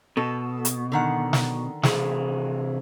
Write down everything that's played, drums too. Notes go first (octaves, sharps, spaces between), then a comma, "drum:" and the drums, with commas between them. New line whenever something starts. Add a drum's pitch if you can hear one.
B2 A4
drum: hi-hat
D3 D#3 F#5
drum: snare
C3 E3 G#4, drum: snare